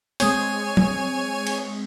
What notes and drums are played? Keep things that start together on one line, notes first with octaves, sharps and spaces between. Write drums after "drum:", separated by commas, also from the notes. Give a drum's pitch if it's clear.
G#3 C4 C#5 G#5, drum: open hi-hat
drum: tom F#3
drum: cymbal